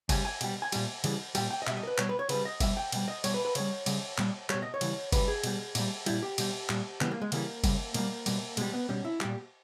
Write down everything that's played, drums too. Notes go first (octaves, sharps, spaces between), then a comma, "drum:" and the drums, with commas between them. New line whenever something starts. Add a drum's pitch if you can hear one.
C#3 G3 G#5, drum: kick G1, cymbal
G#5
B2 G3 G5, drum: cymbal
G#5
A#2 G3 G#5, drum: cymbal
C#3 E3 G3, drum: cymbal
A#2 G3 G5, drum: cymbal
G5
D#5
B2 G3 E5, drum: clap
D#5
A#4
B4
B2 G3 C#5, drum: clap
B4
C#5
C#3 G3 B4, drum: cymbal
D#5
B2 G3 E5, drum: kick G1, cymbal
G5
B2 G3 G5, drum: cymbal
D#5
B2 G3 C#5, drum: cymbal
B4
B4
C#3 G3 C#5, drum: cymbal
C#3 G3, drum: cymbal
A#2 G3, drum: clap
B2 G3 C#5, drum: clap
D#5
C#5
C#3 E3 G3, drum: cymbal
C#3 G3 B4, drum: kick G1, cymbal
G#4
B2 G3, drum: cymbal
A#2 G3, drum: cymbal
A#2 G3 E4, drum: cymbal
G4
B2 G3, drum: cymbal
A#2 G3, drum: clap
C#3 E3 G3 B3, drum: clap
A#3
G#3
C#3 E3 G3 A#3, drum: cymbal
C#3 G3, drum: kick G1, cymbal
B2 G3 A#3, drum: cymbal
B2 G3, drum: cymbal
B2 G3 G#3, drum: cymbal
B3
B2 G3 C#4
E4
A#2 G3 G4, drum: clap